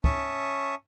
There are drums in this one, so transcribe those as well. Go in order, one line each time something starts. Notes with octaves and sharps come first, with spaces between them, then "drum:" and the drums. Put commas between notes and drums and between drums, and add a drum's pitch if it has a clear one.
C#4 E5 A5 C#6 D#6, drum: kick